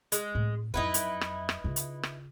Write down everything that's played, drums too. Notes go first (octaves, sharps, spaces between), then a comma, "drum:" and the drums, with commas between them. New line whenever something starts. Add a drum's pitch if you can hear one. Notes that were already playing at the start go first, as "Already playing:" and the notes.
G#3, drum: hi-hat
A2 C4
F2 F#3 D#4 E4 B4
drum: hi-hat
drum: rim click
drum: rim click
C#3 F4
drum: hi-hat
drum: rim click